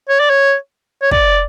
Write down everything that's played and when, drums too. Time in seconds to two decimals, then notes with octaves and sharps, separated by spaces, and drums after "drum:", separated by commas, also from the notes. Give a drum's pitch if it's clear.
0.09 C#5
0.20 D5
0.30 C#5
1.02 C#5
1.11 D5, drum: kick